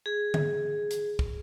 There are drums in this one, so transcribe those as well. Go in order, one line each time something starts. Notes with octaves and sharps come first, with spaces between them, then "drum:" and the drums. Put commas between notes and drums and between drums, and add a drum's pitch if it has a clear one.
G#4
drum: tom D3
drum: hi-hat
drum: kick